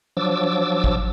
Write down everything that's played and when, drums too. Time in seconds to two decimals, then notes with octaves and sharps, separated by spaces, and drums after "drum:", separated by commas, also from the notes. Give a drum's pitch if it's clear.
0.17 F3 F#3 D4 D6 E6
0.84 drum: kick